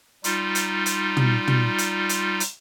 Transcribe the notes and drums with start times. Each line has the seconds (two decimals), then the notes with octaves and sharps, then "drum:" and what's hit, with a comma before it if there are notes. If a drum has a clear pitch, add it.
0.24 G3 D#4 F4, drum: hi-hat
0.55 drum: hi-hat
0.86 drum: hi-hat
1.17 drum: tom
1.47 drum: tom
1.78 drum: hi-hat
2.09 drum: hi-hat
2.40 drum: hi-hat